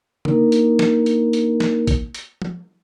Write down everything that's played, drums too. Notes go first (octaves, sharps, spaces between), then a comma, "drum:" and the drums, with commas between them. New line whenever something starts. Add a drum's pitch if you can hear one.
A#3 D4 D#4 A#4, drum: tom
drum: hi-hat
drum: snare
drum: hi-hat
drum: hi-hat
drum: snare
drum: kick A1, hi-hat
drum: hi-hat
drum: tom